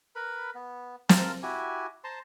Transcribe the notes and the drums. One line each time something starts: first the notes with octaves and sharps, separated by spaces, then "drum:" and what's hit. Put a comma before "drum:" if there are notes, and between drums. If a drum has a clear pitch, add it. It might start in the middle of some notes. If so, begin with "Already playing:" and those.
A#4 B4 B5
B3
C4 A#4 F5 A5, drum: snare
E4 F#4 G4 G#5
C5 A5 A#5 C6